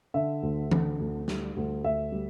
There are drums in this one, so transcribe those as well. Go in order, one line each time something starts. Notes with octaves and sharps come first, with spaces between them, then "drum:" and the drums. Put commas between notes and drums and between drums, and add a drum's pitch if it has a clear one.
D3 E5
D2
D3, drum: tom E3
D2
G3, drum: snare
D2
D2 E5
G3